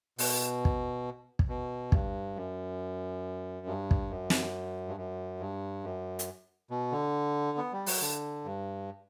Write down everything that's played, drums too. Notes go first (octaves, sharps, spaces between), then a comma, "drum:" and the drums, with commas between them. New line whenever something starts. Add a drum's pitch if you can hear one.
B2, drum: open hi-hat
drum: kick
drum: kick
B2
G2, drum: kick
F#2
G2
drum: kick
F#2
drum: snare
G2
F#2
G2
F#2
drum: hi-hat
B2
D3
B3
G3
F#3, drum: open hi-hat
D3
G2